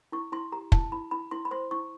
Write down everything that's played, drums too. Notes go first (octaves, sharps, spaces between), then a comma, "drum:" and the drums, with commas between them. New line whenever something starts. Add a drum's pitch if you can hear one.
E4 C#6
E4 C6
G4 A#5
E4 A5, drum: kick
E4 B5
E4 B5
E4 C6
B5
C5 C6
E4 C#6